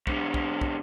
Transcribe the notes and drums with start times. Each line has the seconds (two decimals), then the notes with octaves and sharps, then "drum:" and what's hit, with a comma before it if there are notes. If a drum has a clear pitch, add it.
0.07 G#2 D3, drum: kick
0.34 drum: kick
0.61 drum: kick